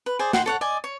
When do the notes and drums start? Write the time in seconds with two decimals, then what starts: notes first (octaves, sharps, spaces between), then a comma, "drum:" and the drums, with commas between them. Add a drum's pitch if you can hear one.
0.06 B4
0.19 G#4 C5 D5
0.33 F#5 G5 C6, drum: snare
0.46 A4 C#5 F#5
0.61 D5 D#5 G#5
0.84 C#5